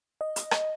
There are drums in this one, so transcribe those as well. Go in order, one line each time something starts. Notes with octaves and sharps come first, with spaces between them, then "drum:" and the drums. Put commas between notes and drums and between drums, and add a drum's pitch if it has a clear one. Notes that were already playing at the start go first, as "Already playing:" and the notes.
D#5
drum: hi-hat
drum: rim click